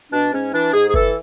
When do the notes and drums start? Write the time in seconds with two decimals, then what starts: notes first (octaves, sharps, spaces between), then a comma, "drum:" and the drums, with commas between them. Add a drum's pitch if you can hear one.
0.12 B2 D4
0.32 G#2 C#4
0.53 E3 D4
0.73 G#2 G#4
0.88 G#4
0.94 E3 A4, drum: kick G1